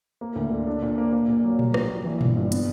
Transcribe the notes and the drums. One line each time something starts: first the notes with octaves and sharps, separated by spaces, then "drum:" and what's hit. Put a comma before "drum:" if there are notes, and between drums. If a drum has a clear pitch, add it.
A#3
D2
D3
D4
A#2
A#3
A#3
A#2
F#3
G3, drum: tom A#2
A#1, drum: rim click
A#2
E3
G1, drum: tom A#2
G2
B3, drum: hi-hat